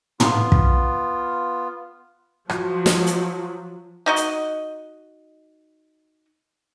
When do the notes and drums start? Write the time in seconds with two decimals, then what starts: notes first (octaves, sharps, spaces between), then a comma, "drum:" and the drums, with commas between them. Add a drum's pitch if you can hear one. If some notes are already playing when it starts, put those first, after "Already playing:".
0.20 B3 F4, drum: tom
0.52 drum: kick
2.49 F3 F#3, drum: rim click
2.86 drum: snare
3.07 drum: hi-hat
4.06 D#4 F#4 D#5
4.16 drum: hi-hat